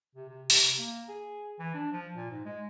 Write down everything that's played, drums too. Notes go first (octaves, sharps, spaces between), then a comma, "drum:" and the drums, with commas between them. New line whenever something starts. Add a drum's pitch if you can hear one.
C3
C3
C3, drum: open hi-hat
A#3
G#4
E3
D4
F3
A#2
G#2
G#3